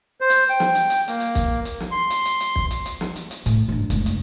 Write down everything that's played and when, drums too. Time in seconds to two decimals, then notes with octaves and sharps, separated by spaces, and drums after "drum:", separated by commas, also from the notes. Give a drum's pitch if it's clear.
0.21 C5
0.30 drum: hi-hat
0.50 G5
0.60 drum: snare
0.75 drum: hi-hat
0.90 drum: hi-hat
1.08 A#3, drum: hi-hat
1.20 drum: hi-hat
1.35 drum: kick, hi-hat
1.65 drum: hi-hat
1.80 drum: snare
1.91 C6
2.10 drum: hi-hat
2.26 drum: hi-hat
2.41 drum: hi-hat
2.56 drum: kick
2.71 drum: hi-hat
2.86 drum: hi-hat
3.01 drum: snare
3.16 drum: hi-hat
3.31 drum: hi-hat
3.46 A2, drum: hi-hat
3.68 G2 F#3
3.90 F1 G#3, drum: hi-hat
4.06 drum: hi-hat